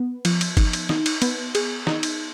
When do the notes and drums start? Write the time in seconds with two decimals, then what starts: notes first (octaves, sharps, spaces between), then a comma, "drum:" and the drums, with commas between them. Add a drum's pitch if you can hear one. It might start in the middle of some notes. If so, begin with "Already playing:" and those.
Already playing: B3
0.25 F3, drum: cymbal
0.41 drum: cymbal
0.57 D#4, drum: kick G1, cymbal
0.73 drum: cymbal
0.89 D#4, drum: snare
1.06 drum: cymbal
1.22 B3, drum: cymbal
1.55 G#4, drum: cymbal
1.87 D#4, drum: snare
2.03 drum: cymbal